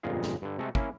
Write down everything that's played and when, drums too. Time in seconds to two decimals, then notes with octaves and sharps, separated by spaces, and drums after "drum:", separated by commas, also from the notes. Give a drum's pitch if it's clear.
0.03 G1 F2 A#2 G#3 G#4 F5
0.23 drum: snare
0.42 G2 D3
0.59 C3 G#3 A3 A4
0.75 A#3 C#4 E4 F5, drum: kick